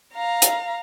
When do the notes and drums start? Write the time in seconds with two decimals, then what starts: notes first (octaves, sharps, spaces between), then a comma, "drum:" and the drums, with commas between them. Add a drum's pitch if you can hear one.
0.13 F5 A#5
0.42 drum: hi-hat